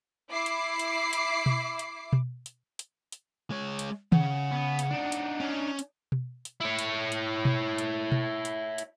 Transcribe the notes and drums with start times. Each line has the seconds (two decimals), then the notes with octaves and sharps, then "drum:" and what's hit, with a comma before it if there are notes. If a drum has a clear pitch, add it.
0.30 E4 D6 C7
0.46 drum: hi-hat
0.79 drum: hi-hat
1.13 drum: hi-hat
1.46 drum: tom B2
1.79 drum: hi-hat
2.13 drum: tom B2
2.46 drum: hi-hat
2.79 drum: hi-hat
3.12 drum: hi-hat
3.51 G#3 C#5
3.79 drum: hi-hat
4.12 C#3 F#5, drum: tom D#3
4.52 B3
4.79 drum: hi-hat
4.91 D4 D#4
5.12 drum: hi-hat
5.40 C#4
5.79 drum: hi-hat
6.12 drum: tom B2
6.45 drum: hi-hat
6.60 E4 C#5
6.79 drum: hi-hat
7.12 drum: hi-hat
7.45 drum: tom B2
7.78 drum: hi-hat
8.12 drum: tom B2
8.45 drum: hi-hat
8.78 drum: hi-hat